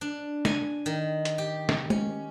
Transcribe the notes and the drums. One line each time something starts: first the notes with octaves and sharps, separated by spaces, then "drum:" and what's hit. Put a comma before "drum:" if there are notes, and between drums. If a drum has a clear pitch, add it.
D4
G#5, drum: snare
D#3
drum: hi-hat
G4
drum: snare
C#4, drum: tom G#3